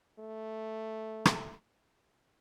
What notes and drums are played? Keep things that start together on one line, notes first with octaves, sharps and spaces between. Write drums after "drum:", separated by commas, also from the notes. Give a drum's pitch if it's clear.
A3
drum: rim click